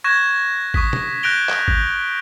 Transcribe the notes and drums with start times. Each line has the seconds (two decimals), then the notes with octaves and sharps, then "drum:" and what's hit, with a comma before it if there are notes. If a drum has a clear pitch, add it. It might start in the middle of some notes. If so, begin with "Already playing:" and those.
0.04 C#6 F#6 G#6 A#6 E7
0.74 C#6 D#6 B6, drum: kick G#1
0.93 drum: tom
1.23 F#6 G6 A#6 D7 F7 G7
1.49 drum: clap
1.68 drum: kick G#1